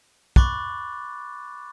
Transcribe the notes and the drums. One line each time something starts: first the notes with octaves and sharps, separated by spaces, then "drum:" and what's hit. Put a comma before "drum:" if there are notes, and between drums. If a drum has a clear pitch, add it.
B5 C#6 D6 F#6 A6, drum: kick